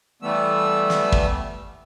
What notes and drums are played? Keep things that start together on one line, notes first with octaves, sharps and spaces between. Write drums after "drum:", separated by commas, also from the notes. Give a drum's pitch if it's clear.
E3 G3 A3 B3 E6
drum: snare
drum: kick